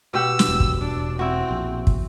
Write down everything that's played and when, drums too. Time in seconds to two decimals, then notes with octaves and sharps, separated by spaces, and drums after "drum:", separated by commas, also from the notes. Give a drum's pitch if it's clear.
0.14 B2 G4 F#5 E6
0.39 drum: snare
0.49 E1
0.60 drum: kick
0.81 D4
1.19 C4 E4 F#4
1.51 A#1
1.87 drum: kick